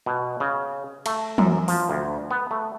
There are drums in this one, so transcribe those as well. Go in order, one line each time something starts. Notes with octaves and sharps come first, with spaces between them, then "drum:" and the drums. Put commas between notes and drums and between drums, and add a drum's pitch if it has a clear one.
B2
C#3
A3, drum: cymbal
F#2, drum: tom E3
F3, drum: open hi-hat
D2
B3
A3